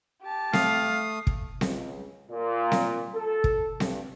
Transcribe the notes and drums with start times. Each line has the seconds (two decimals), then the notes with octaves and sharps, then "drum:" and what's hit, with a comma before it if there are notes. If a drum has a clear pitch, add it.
0.22 G4 A5
0.53 A3 F5 D#6, drum: snare C4
1.27 drum: kick
1.61 C#2, drum: snare C4
2.29 A#2
2.72 drum: snare C4
3.14 A4
3.44 drum: kick
3.80 G2, drum: snare C4